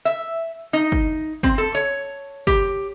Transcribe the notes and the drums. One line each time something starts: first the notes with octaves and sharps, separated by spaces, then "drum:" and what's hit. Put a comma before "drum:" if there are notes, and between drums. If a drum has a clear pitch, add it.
E5
D#4
drum: kick
C4, drum: kick
A4
C#5
G4, drum: kick